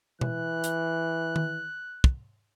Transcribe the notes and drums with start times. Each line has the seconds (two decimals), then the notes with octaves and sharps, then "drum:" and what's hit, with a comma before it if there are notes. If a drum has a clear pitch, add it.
0.21 E3 F#6, drum: tom B2
0.64 drum: hi-hat
1.36 drum: tom D#3
2.04 drum: kick